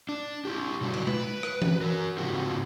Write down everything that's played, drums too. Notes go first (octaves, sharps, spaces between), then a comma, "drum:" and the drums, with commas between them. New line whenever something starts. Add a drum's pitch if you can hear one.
D4
E4 F4 G4
B2 D3 F#3 G3
drum: cymbal
B4, drum: tom G#3
drum: rim click
drum: tom E3
F#4 A#4
G#2 C#3 F3 C4 F#4 G4